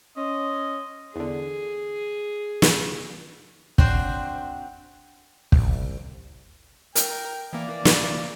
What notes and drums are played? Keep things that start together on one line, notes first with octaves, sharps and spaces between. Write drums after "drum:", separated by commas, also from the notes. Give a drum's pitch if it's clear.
C#4 D#5 C6
E2 D3 G#4
drum: snare
C4 D4 F#4 C5, drum: kick
C2, drum: kick
A#4 G5, drum: hi-hat
E3 A#3 D5
drum: snare